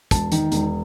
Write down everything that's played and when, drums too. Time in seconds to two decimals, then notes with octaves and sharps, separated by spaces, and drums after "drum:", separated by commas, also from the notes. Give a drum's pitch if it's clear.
0.11 E1 A5, drum: kick, hi-hat
0.32 D#3, drum: hi-hat
0.52 E1, drum: hi-hat